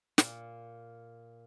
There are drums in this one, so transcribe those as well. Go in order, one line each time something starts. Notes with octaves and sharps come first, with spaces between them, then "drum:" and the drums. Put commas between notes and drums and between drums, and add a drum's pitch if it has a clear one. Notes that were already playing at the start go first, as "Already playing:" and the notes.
A#2, drum: snare